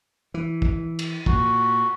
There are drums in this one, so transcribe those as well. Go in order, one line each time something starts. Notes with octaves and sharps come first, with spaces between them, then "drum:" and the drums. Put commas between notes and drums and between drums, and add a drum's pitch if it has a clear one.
E3
drum: kick
drum: cymbal
A#2 F#4, drum: kick